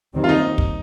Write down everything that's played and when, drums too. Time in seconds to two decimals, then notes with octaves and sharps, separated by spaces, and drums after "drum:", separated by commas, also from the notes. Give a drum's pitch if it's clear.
0.14 D#2 D#3 G3 C4
0.24 F4
0.29 D#4
0.58 drum: kick